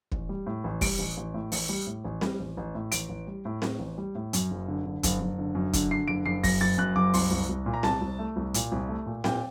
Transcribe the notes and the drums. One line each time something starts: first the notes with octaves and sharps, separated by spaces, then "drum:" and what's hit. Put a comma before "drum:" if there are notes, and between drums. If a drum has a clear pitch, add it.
A1, drum: kick
G3
A2
A1
G3 D7, drum: kick, open hi-hat
A1
A1
A2
A1, drum: open hi-hat
G3
A2
A1
G3, drum: snare C4
A1
A1
A2
A1 D7, drum: hi-hat
A1
G3
A2
A2, drum: snare C4
A1
G3
A2
F#2, drum: hi-hat
F#1
D3
D3
F#1, drum: kick, hi-hat
F#1
D3
F#2
D3, drum: kick, hi-hat
D3 C7
F#1 D7
F#1 C7
F#2 A#6, drum: kick, open hi-hat
F#1 A6
F#2 F#6
F#1 D6
C2 C6, drum: open hi-hat
C2
C2
A#2
A#5
C2 A5, drum: snare C4
C2
A3
C2
A#2, drum: hi-hat
C2
A3
A#2
A#2 G5, drum: snare C4